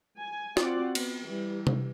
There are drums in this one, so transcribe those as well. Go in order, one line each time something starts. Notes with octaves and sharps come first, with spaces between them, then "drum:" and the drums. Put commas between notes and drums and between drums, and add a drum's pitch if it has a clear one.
G#5
C4 F4 F#4 D5 F#5, drum: snare
B3, drum: cymbal
E3 G3
drum: tom C3